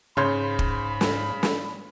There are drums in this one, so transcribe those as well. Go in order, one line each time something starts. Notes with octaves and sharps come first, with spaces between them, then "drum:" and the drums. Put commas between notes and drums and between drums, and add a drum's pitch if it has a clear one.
G#2 C#3 C#5 B5 C6 G6
drum: kick
drum: snare
drum: snare